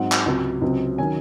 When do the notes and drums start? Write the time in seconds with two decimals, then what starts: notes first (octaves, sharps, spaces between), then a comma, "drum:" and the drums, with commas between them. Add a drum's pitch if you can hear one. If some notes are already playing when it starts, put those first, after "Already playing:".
Already playing: G#2 F#3 C4 F#5
0.12 drum: clap
0.26 C#2 C3 F#3
0.62 C#2 C3 F#3 C4
0.98 D#3 F#3 C#4 G#5